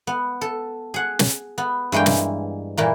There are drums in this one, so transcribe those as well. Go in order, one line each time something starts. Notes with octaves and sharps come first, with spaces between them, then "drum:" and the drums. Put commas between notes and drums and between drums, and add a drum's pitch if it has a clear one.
B3
A4
G#4 F#5
drum: snare
B3
G2 E3 G#3 A#3 G5
drum: snare
A#2 E3 A#3